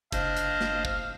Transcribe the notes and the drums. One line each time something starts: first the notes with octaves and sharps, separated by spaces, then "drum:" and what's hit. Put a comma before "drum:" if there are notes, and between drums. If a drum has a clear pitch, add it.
F#1 D4 C5 D#5 F5, drum: kick, hi-hat
drum: hi-hat
drum: snare
drum: kick